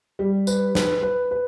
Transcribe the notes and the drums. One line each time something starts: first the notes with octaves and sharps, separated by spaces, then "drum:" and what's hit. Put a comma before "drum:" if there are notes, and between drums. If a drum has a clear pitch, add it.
G3
B4, drum: tambourine
B4, drum: snare
B4
B4